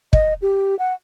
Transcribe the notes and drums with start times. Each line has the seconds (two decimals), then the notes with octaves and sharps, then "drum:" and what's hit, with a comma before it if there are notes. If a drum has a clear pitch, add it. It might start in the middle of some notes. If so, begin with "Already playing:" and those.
0.13 D#5, drum: kick
0.42 G4
0.79 F#5